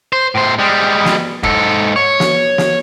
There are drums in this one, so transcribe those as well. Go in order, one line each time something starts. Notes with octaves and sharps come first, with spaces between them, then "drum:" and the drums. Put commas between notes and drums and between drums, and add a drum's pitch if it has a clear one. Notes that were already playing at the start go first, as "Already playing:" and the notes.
C5
A2 C5
G3 G#3
drum: snare
G#2 A4, drum: kick F1
C#5
drum: snare
drum: snare